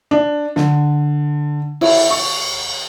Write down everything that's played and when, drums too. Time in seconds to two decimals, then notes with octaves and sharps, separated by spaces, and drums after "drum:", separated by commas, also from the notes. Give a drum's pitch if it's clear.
0.11 D4
0.56 D3, drum: snare
1.81 E4, drum: cymbal
2.10 C#6